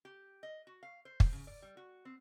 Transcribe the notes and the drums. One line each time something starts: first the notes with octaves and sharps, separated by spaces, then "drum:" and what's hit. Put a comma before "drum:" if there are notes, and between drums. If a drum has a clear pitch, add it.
G4
D#5
F#4
F5
C5
drum: kick
C#3
D5
G3
F#4
C4